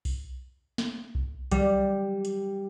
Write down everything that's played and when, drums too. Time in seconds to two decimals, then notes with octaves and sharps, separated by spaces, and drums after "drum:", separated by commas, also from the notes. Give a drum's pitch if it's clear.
0.05 drum: kick B1, open hi-hat
0.78 drum: snare
1.15 drum: kick B1
1.51 G3, drum: kick B1, hi-hat
2.25 drum: hi-hat